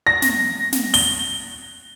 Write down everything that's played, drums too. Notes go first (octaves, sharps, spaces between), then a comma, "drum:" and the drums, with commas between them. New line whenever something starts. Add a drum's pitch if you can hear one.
A#6
drum: snare
drum: snare
G7, drum: open hi-hat